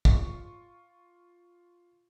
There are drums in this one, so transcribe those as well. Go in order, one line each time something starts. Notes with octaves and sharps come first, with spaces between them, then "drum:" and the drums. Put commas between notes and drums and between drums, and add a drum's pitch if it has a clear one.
F4 C#6, drum: kick